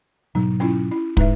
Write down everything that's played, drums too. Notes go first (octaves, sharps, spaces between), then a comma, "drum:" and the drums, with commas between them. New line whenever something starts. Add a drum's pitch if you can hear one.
G#2 B2 F#3 D#4
C#4 E4 F4
E4
G#2 G#3 D#4 B4 E5, drum: kick